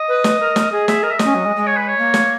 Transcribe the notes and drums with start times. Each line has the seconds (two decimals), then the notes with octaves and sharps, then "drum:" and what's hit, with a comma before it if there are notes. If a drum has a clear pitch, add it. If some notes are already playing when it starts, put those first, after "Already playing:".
Already playing: D#5
0.08 B4
0.24 drum: snare
0.40 A#4
0.56 drum: snare
0.71 G#4 D#5
0.88 E5, drum: snare
1.03 A#4 D#5
1.11 E5
1.19 D#5, drum: snare
1.24 C#4
1.35 F#3
1.45 G#3
1.56 G#3
1.67 C#5
1.77 B4
1.88 C#5
1.98 A#3
2.14 drum: snare